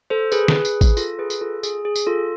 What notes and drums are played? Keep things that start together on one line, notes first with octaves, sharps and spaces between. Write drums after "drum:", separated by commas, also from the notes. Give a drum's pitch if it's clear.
A4 C5
G#4 B4, drum: tambourine
drum: snare
drum: tambourine
drum: kick G#1, tambourine
F4 A4, drum: tambourine
G#4 B4
drum: tambourine
F4 A4
G#4, drum: tambourine
G#4
drum: tambourine
F4 A4